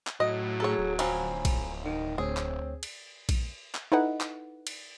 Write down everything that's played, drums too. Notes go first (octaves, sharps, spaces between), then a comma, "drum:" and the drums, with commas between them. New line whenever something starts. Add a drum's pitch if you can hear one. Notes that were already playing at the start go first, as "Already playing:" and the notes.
drum: clap
A2 F#3 D#5
G#4 A4 C#5 A#5
D1
F3 C4 C#4 G#5 A#5 B5, drum: cymbal
drum: kick, cymbal
D#3
D2 C4 G#4 C#5
drum: clap
drum: cymbal
drum: kick, cymbal
drum: clap
D#4 E4 A4 B4 D#5 F#5
drum: clap
drum: cymbal